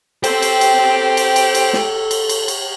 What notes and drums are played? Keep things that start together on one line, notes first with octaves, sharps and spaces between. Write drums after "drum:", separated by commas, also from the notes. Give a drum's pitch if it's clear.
G4 A4 C5 G5, drum: cymbal
drum: cymbal
drum: cymbal
drum: cymbal
drum: cymbal
drum: cymbal
drum: snare
drum: cymbal
drum: cymbal
drum: cymbal